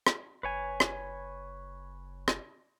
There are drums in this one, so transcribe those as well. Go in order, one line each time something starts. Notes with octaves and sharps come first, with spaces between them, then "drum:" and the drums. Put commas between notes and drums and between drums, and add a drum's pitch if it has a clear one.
drum: rim click
F#1 B4 C#5 G#5
drum: rim click
drum: rim click